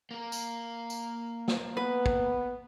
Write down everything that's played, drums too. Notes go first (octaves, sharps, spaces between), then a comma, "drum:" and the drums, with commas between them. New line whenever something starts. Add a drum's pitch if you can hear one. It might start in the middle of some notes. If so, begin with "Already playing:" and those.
A#3 A#4
drum: tambourine
drum: tambourine
drum: snare
B3 B4
drum: kick